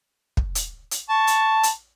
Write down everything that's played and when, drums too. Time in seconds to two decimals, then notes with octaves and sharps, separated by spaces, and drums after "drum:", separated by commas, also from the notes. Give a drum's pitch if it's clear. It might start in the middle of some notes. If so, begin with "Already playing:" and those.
0.37 drum: kick
0.55 drum: hi-hat
0.91 drum: hi-hat
1.09 A5 C#6
1.27 drum: hi-hat
1.63 drum: hi-hat